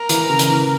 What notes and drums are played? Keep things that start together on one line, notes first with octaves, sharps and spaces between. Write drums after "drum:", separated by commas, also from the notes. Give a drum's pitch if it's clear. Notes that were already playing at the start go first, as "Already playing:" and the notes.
Already playing: A#4
E3, drum: hi-hat
C#3
drum: hi-hat
E3